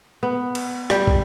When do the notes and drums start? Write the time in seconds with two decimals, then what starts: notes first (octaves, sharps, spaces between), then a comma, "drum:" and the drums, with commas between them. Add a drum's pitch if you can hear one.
0.23 B3
0.55 drum: cymbal
0.90 G3 G4, drum: rim click
1.07 drum: kick